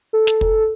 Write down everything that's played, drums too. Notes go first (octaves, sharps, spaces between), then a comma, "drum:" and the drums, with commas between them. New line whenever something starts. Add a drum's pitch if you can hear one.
A4
drum: snare
drum: kick